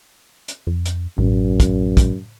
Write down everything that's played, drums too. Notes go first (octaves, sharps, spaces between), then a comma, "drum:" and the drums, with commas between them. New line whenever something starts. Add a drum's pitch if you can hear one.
drum: hi-hat
F2
drum: hi-hat
A1 F#2
drum: kick, hi-hat
drum: kick, hi-hat